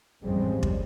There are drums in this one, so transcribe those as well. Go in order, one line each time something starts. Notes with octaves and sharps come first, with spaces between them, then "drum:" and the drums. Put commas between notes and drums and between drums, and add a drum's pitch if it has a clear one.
A1 F2 C#3 G3 G#3 C4
drum: kick